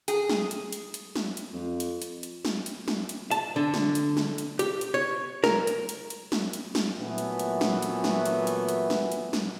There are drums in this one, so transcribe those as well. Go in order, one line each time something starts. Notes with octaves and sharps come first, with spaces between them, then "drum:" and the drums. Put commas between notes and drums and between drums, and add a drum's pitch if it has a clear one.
G#4, drum: hi-hat
drum: snare
drum: hi-hat
drum: hi-hat
drum: hi-hat
drum: snare
drum: hi-hat
F2
drum: hi-hat
drum: hi-hat
drum: hi-hat
drum: snare
drum: hi-hat
drum: snare
drum: hi-hat
A5, drum: hi-hat
D3
drum: snare
drum: hi-hat
drum: snare
drum: hi-hat
G4, drum: hi-hat
drum: hi-hat
C#5
A#4, drum: snare
drum: hi-hat
drum: hi-hat
drum: hi-hat
drum: snare
drum: hi-hat
drum: snare
A#2 E3 F#3 A3 B3
drum: hi-hat
drum: hi-hat
drum: snare
drum: hi-hat
drum: snare
drum: hi-hat
drum: hi-hat
drum: hi-hat
drum: snare
drum: hi-hat
drum: snare